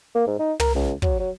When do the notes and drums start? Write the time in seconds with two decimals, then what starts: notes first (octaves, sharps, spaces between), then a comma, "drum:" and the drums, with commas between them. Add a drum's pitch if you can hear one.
0.15 A#3
0.27 G#2
0.39 D#4
0.60 A#4, drum: tom
0.75 C#2
1.02 F#3, drum: kick
1.19 F#3